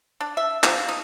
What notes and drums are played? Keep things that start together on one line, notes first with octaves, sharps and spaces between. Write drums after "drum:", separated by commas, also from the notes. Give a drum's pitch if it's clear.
D4
E5
F3, drum: clap
D#4